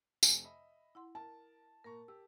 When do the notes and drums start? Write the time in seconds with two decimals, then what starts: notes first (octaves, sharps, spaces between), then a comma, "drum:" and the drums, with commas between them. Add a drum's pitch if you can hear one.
0.23 F2 C3 A3 G#5, drum: tambourine
0.44 D#5 E5 B5
0.95 E4 F#5 C6
1.15 A#4 A5
1.84 A#2 A#4 A#5 C#6
2.08 G4 E6